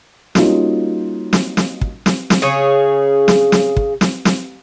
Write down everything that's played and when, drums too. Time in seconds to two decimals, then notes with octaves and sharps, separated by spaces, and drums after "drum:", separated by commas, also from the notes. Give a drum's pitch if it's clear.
0.35 G3 A#3 C#4 D#4 F4 F#4, drum: snare
1.33 drum: snare
1.57 drum: snare
1.81 drum: kick
2.06 drum: snare
2.30 drum: snare
2.42 C#3 G#4 C#5
3.28 drum: snare
3.52 drum: snare
3.77 drum: kick
4.01 drum: snare
4.25 drum: snare